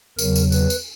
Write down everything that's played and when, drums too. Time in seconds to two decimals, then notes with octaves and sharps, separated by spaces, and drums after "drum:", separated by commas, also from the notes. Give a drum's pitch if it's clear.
0.19 E2 C#3 F#3 A#4, drum: tambourine
0.36 drum: tambourine
0.52 B4, drum: tambourine
0.70 drum: tambourine